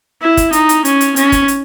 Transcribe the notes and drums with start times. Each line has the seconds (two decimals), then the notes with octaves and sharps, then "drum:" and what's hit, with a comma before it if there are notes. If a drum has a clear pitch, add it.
0.22 E4
0.37 drum: kick F#1, hi-hat
0.53 D#4, drum: hi-hat
0.69 drum: hi-hat
0.85 C#4, drum: hi-hat
1.01 drum: hi-hat
1.16 C#4, drum: hi-hat
1.32 drum: kick F#1, hi-hat
1.48 drum: hi-hat